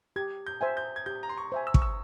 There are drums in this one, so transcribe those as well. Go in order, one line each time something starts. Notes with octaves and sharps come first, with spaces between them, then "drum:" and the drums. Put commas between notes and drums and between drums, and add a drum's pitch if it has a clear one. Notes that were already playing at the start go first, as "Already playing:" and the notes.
G4 G#6
G6
C5 E5 G#5
G6
G#6
G4 G6
A#5
C6
C#6
C5 E5 G#5
E6
C#6, drum: kick
E6